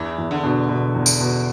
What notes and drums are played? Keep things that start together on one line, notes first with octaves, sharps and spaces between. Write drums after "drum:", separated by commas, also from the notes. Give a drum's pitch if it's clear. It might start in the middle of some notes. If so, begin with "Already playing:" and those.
Already playing: E2 E3
E2
D3
B2
B2
E2
drum: tambourine
B2